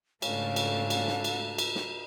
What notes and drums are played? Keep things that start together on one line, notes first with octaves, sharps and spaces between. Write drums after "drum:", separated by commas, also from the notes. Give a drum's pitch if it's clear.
G#2 C#3 A3 C#4 D4 A4 F5, drum: cymbal
drum: cymbal
drum: cymbal
drum: snare
drum: cymbal
drum: cymbal
drum: snare